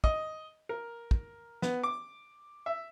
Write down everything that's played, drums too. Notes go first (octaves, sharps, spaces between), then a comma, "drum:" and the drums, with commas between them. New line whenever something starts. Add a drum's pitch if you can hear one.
D#5, drum: kick
A#4
drum: kick
B3, drum: snare
D6
E5